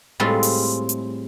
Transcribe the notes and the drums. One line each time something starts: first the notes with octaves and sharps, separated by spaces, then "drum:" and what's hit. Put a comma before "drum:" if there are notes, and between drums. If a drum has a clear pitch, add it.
A2 G3 G#3 C4 F4
drum: open hi-hat
drum: hi-hat